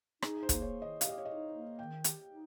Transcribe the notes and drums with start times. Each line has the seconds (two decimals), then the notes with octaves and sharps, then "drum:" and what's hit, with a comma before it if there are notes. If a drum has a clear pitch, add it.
0.22 D#4 G#4, drum: rim click
0.43 C5
0.49 A#3, drum: kick, hi-hat
0.62 C#5
0.75 D#3
0.82 D#5
1.01 G4 F5, drum: hi-hat
1.09 D#5
1.18 C#5
1.25 D#4 D#5
1.53 A#3
1.79 D#3 G5
2.04 G4, drum: hi-hat
2.31 D#4